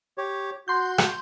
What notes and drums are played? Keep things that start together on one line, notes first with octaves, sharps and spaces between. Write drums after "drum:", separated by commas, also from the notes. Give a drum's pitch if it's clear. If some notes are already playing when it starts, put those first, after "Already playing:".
G4 C#5
F#4 C6 G6
drum: rim click